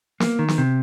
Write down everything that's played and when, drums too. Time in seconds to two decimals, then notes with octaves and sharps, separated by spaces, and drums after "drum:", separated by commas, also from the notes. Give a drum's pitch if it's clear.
0.20 A#3, drum: snare
0.39 D#3
0.48 drum: snare
0.58 C3